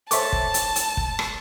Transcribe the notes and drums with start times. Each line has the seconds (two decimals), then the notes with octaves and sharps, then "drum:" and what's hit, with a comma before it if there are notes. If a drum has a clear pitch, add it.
0.11 A4 C5 C#5 E5 A5 C#6 D6, drum: hi-hat
0.32 drum: kick
0.54 drum: hi-hat
0.76 drum: hi-hat
0.97 drum: kick
1.19 drum: rim click